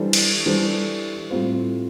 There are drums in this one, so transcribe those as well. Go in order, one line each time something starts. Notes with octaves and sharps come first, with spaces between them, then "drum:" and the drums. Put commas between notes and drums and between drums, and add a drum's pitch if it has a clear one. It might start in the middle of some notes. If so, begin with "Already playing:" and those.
Already playing: E3 G3 D4 A4 C5
drum: cymbal
E3 G3 D4 A4 C5
A2 G3 C4 F4 C5